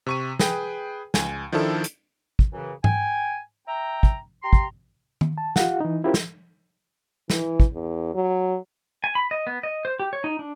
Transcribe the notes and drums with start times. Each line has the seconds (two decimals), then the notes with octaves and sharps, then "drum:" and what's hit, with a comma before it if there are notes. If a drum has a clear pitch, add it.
0.06 C3 C#6 D#7
0.39 G#4 B4 G5, drum: snare
1.14 C#2 G#5, drum: snare
1.52 D#3 F3 D4 E4 A4
1.84 drum: hi-hat
2.39 drum: kick
2.53 F#2 C#3 E3
2.84 G5 G#5, drum: tom G#2
3.67 E5 G5 A#5
4.03 drum: kick
4.43 G4 A#5 C6
4.53 drum: kick
5.21 drum: tom
5.38 A5
5.56 F4 G4 F5 F#5, drum: snare
5.81 E3 D#4
6.04 C#4 E4 F4 G4 A#4 C5
6.14 drum: snare
7.30 E3, drum: snare
7.60 drum: kick
7.73 E2
8.15 F#3
9.04 G#5
9.15 B5
9.31 D#5
9.47 B3
9.63 D#5
9.85 C5
10.00 G4
10.13 C#5
10.24 D#4
10.39 D4